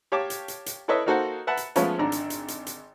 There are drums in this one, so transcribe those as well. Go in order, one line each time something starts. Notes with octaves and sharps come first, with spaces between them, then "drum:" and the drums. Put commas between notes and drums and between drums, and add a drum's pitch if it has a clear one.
G4 C#5 F5 G5 A5 D6
drum: hi-hat
drum: hi-hat
drum: hi-hat
E4 A4 B4 C#5 D#5 E5
A#3 D#4 F#4 A4 C5 F#5
B4 E5 F#5 A5 B5
drum: hi-hat
F3 G#3 A3 B3 C#4 F4, drum: hi-hat
G#1 D3 D4 A#5
drum: hi-hat
drum: hi-hat
drum: hi-hat
drum: hi-hat